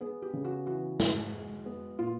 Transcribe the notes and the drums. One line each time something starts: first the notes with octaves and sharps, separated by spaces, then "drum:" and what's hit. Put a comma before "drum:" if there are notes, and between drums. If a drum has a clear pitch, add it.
B3 G#4
G4
C#3
F#4
E3 F#4
G#2, drum: snare
G#3
B3
A#2 F4